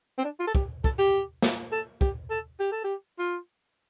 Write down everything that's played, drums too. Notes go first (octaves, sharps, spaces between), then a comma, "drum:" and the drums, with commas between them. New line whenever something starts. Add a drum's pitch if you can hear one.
C4
D4
F4
A4
G4, drum: kick
A4, drum: kick
G4
drum: snare
A4
G4, drum: kick
A4
G4
A4
G4
F4